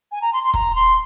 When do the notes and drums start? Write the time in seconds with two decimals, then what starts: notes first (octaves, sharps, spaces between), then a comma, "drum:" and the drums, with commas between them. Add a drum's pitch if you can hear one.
0.12 G#5
0.22 A#5
0.33 C6
0.43 C6
0.54 A#5, drum: kick
0.75 C6